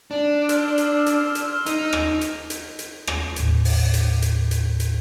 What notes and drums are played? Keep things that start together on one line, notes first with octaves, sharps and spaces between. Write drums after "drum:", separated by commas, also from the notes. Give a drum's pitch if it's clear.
D4
C6 E6 F6, drum: hi-hat
drum: hi-hat
drum: hi-hat
drum: hi-hat
D#4, drum: hi-hat
drum: rim click
drum: hi-hat
drum: hi-hat
drum: hi-hat
drum: rim click
G1 D#2 A2, drum: hi-hat
drum: open hi-hat
drum: hi-hat
drum: hi-hat
drum: hi-hat
drum: hi-hat